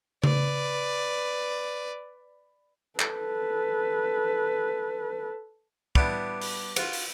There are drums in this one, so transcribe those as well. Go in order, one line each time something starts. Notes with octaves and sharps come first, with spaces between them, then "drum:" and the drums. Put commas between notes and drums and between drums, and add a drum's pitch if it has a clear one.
B4 D5, drum: tom C#3
A4 B4, drum: clap
G3 B3 D4 E4, drum: kick
drum: open hi-hat
F4 F#4, drum: cymbal
drum: open hi-hat